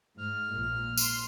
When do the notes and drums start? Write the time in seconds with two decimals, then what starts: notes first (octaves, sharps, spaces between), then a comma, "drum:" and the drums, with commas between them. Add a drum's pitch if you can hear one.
0.18 G#2 F6
0.53 A#1 A#2
0.98 C6, drum: tambourine